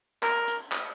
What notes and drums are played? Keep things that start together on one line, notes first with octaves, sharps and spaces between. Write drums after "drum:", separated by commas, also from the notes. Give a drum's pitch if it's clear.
A#4, drum: clap
drum: hi-hat
drum: clap